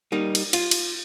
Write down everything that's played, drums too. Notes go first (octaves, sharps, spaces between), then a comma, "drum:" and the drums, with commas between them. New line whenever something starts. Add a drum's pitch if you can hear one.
G3 A#3 D#4
drum: cymbal
F4, drum: cymbal
drum: cymbal